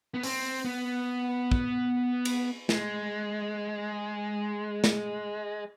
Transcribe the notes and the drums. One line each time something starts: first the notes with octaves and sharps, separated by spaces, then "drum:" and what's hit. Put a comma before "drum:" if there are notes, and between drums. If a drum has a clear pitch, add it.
B3
C4, drum: open hi-hat
B3
drum: kick
drum: cymbal
G#3, drum: snare
drum: snare